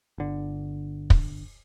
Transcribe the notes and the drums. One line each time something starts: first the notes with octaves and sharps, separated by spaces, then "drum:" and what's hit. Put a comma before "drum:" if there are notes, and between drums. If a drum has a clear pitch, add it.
G1 D3
drum: kick